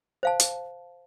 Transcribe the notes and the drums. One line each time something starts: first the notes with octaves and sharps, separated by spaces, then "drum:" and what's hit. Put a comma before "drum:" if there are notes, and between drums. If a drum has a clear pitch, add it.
C5 F5 A5
drum: hi-hat